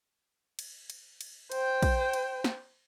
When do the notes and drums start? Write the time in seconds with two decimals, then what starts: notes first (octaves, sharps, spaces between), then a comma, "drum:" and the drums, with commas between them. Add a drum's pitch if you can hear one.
0.59 drum: cymbal
0.90 drum: cymbal
1.21 drum: cymbal
1.52 C5 G5, drum: cymbal
1.82 drum: kick A#1, cymbal
2.13 drum: cymbal
2.44 drum: snare